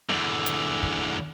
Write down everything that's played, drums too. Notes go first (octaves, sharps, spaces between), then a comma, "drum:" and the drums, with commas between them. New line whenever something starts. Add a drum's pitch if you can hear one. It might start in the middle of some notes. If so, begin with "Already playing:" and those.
E2 D3, drum: snare
drum: hi-hat
drum: kick